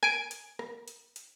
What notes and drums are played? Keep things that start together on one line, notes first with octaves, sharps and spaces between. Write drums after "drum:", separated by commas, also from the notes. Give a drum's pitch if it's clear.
G#5 D7, drum: rim click
drum: hi-hat
drum: rim click
drum: hi-hat
drum: hi-hat